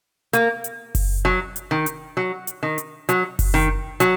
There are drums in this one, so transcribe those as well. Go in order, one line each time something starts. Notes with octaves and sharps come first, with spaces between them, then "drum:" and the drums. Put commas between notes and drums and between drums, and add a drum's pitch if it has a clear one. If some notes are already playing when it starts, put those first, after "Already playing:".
A#3, drum: hi-hat
drum: hi-hat
drum: kick F#1, open hi-hat
F#3
drum: hi-hat
D#3
drum: hi-hat
F#3
drum: hi-hat
D#3
drum: hi-hat
F#3, drum: hi-hat
drum: kick F#1, open hi-hat
D#3
F#3, drum: hi-hat